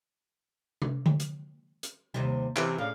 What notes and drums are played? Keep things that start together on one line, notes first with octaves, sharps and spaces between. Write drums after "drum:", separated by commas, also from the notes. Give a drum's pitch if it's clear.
drum: tom C3
drum: tom D3
drum: hi-hat
drum: hi-hat
D#2 C3 G3
C3 E3 C#4, drum: clap
A2 C#3 D4 F5